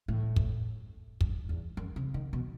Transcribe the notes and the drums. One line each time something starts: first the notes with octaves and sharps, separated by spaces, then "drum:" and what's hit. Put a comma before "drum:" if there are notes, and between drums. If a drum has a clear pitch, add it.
A2
drum: kick
G2, drum: kick
E2
F#2
C3
D#3
B2